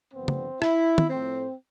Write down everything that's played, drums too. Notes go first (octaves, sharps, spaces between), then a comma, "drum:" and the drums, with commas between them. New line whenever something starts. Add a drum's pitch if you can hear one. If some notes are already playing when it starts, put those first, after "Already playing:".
G2 D3 F3 B3 C4
drum: tom
E4, drum: rim click
drum: tom D#3
A2 F3 A3 C4